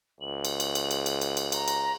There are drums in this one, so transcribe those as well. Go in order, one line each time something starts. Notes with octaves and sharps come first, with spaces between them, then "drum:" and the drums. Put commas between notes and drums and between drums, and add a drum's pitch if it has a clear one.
C#2 F#7
drum: cymbal
drum: cymbal
drum: cymbal
drum: cymbal
drum: cymbal
drum: cymbal
drum: cymbal
A#5, drum: cymbal
drum: cymbal